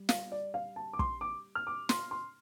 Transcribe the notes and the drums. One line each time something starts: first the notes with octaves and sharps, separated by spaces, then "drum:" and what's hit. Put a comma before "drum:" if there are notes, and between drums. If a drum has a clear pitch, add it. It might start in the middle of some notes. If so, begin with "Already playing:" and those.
Already playing: G3
F5, drum: snare
D5
F5
A5
D6
C6, drum: kick
D6
F6
D6
C6, drum: snare
C6